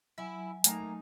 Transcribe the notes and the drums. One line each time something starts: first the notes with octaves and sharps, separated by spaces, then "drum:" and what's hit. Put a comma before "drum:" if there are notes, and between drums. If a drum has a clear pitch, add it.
F#3 E4 G#5
A3 A#3 D#4 G5 A#5, drum: hi-hat